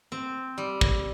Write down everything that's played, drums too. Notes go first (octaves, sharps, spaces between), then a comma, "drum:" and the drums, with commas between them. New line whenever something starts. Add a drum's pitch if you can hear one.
C4
G3
drum: kick